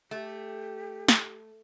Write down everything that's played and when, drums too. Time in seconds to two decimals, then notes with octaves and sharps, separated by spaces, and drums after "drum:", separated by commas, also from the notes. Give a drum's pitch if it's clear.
0.11 A3 G4
1.08 drum: snare